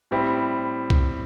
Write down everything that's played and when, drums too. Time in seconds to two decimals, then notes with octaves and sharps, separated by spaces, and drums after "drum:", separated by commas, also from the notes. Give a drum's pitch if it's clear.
0.11 A2 G3 C4 E4
0.90 drum: kick